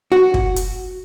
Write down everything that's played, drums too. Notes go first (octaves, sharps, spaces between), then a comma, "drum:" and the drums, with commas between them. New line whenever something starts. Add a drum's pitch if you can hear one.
F#4
drum: kick
drum: hi-hat